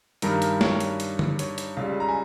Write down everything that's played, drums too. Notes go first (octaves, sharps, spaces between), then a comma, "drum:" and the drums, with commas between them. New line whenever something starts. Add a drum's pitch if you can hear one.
G2 D#3 G3 A#4, drum: hi-hat
drum: hi-hat
C#5, drum: snare
drum: hi-hat
drum: hi-hat
drum: tom D3
C#5, drum: hi-hat
drum: hi-hat
C#2 C#3 G3 F5
A#5
G#5